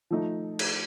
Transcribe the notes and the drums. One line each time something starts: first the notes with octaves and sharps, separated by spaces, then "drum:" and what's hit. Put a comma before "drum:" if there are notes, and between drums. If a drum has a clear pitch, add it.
F3 A3 D#4
drum: cymbal